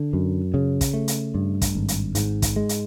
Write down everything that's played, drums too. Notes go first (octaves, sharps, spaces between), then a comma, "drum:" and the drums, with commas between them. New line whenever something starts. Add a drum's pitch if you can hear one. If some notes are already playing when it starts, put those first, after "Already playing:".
Already playing: D3
F#2
C#3
drum: kick, hi-hat
A3
drum: hi-hat
G2
drum: kick, hi-hat
G#1
drum: hi-hat
G#2, drum: hi-hat
drum: kick, hi-hat
G#3
drum: hi-hat